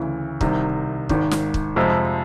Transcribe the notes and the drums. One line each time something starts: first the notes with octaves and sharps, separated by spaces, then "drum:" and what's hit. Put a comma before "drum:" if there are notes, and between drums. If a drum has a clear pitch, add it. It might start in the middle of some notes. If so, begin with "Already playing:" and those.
Already playing: D2 C#3 E3
C2 C3 D#3, drum: kick
G#1 G#2 D#3, drum: kick
drum: snare
drum: kick
F2 C3 F3 G#3